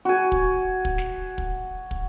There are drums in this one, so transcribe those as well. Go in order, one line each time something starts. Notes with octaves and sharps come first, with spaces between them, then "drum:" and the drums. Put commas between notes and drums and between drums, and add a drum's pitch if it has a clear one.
F#4 G#5
drum: kick
drum: kick
drum: snare
drum: kick
drum: kick